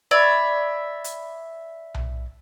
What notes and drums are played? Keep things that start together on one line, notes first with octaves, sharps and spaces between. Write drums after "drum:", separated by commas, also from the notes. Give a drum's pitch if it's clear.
C#5 D5 E5 B5
drum: hi-hat
drum: tom B1